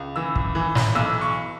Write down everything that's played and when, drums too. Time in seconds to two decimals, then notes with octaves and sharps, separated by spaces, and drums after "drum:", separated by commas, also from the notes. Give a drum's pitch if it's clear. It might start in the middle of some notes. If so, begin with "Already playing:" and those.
Already playing: C#2
0.16 E3 E6
0.36 drum: kick
0.55 E3
0.75 drum: snare
0.95 B1 E6
1.21 C#6